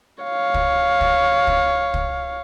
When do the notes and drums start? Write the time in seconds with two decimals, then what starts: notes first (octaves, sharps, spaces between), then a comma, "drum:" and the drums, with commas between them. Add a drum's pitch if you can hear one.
0.23 C#5 F5
0.54 drum: kick
1.01 drum: kick
1.47 drum: kick
1.94 drum: kick